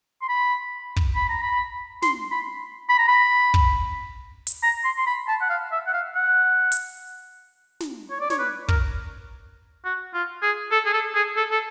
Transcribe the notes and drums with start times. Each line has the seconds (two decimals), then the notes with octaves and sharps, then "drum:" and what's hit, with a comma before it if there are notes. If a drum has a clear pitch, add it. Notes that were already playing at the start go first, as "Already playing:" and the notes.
0.22 C6
0.29 B5
0.96 drum: kick
1.16 B5
1.29 A#5
1.42 B5
2.02 C6, drum: snare
2.31 B5
2.89 B5
2.98 A#5
3.08 B5
3.54 drum: kick
4.47 drum: hi-hat
4.63 A#5
4.84 C6
4.97 C6
5.07 B5
5.28 A5
5.41 F#5
5.50 F5
5.72 E5
5.87 F#5
5.93 F5
6.15 F#5
6.72 drum: hi-hat
7.80 drum: snare
8.10 C#5
8.20 D5
8.30 C#5, drum: snare
8.39 B4
8.68 A#4, drum: kick
9.85 F#4
10.14 F4
10.42 G#4
10.72 A4
10.86 G#4
10.93 A4
11.15 G#4
11.37 A4
11.51 A4